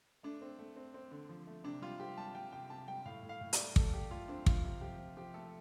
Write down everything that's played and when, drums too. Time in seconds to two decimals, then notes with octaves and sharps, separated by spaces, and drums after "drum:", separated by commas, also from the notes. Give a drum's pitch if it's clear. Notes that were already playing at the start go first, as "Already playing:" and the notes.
0.23 A3 D4
0.41 C4
0.59 A3
0.76 C4
0.94 C4
1.11 D3
1.29 F3
1.47 A3
1.64 C3 D4
1.82 G3 F4
2.00 C4 G4
2.18 G3 A5
2.35 G3 G5
2.52 C3 G5
2.70 C3 A5
2.88 G3 G5
3.06 A2 F5
3.23 A2
3.29 F5
3.41 A2
3.53 D5, drum: hi-hat
3.58 A3
3.76 A3 A4, drum: kick
3.93 A3 G4
4.11 A3 F4
4.28 C4 D4
4.46 A3 F4, drum: kick
4.64 C3
4.81 F3 G4
4.99 F3
5.17 F3 G4
5.34 A3 A4